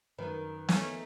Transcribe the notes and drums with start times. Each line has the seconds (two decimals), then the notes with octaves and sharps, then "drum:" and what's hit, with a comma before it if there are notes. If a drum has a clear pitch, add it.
0.18 F#2 D#3 B4
0.69 A3 C#4 D#4, drum: snare